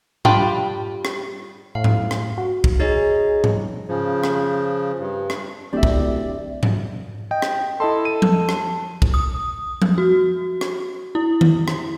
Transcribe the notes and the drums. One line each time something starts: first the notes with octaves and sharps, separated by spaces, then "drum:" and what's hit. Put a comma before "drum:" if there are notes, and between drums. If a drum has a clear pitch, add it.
G3 D4 F4 G5 B5, drum: tom G#2
drum: rim click
A2 F5
drum: tom G#2
drum: rim click
F#4
drum: kick
D#4 G#4 C#5 D#5
drum: tom G#2
C#3 F3
drum: rim click
G2
drum: rim click
D1 G4 D5 E5
drum: kick
drum: tom G#2
D#5 G5
drum: rim click
E4 A4 D#5 C6
D#7
drum: tom F3
drum: rim click
drum: kick
D#6
drum: tom F3
F#4
drum: rim click
E4
drum: tom D#3
drum: rim click